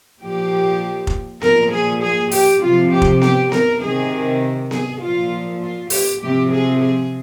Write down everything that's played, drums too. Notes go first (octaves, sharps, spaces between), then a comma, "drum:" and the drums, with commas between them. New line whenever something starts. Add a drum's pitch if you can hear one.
A#2 F3 G4
drum: kick F1
A#2 F3 A#4, drum: snare B3
G#4
G#4
G4, drum: open hi-hat
C3 F3 F4
G4
drum: kick F1
G4, drum: snare B3
A#4, drum: snare B3
C3 D#3 G#4
G#4, drum: snare B3
A#2 F3 F4
F4
G4, drum: open hi-hat
C3 F3 G4
G#4
G#4